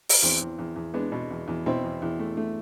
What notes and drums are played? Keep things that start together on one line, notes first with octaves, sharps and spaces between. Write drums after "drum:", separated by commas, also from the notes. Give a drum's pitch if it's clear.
drum: open hi-hat
E2 C4
E2
E2
E2
G#3 B3 D4
B2
E2
E2
B2 C4 E4
E2
E2
A3
A3